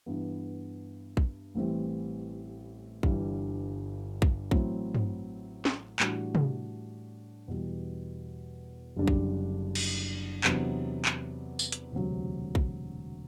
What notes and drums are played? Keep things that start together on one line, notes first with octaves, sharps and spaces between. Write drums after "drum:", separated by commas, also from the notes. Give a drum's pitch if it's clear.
G2 E3 B3
drum: kick
A1 A2 E3 G3 C4
G1 G2 E3 G3 D4, drum: kick
drum: kick
A1 A2 F#3 C4 E4, drum: kick
drum: tom G2
drum: snare
A2 E3 G3 D4 F#4, drum: clap
drum: tom C3
E2 B2 G3
F#1 F#2 D3 G3 D4
drum: kick
drum: cymbal
E2 C3 F#3 B3 D4, drum: clap
drum: clap
drum: tambourine
drum: hi-hat
E1 D2 C3 F#3
drum: kick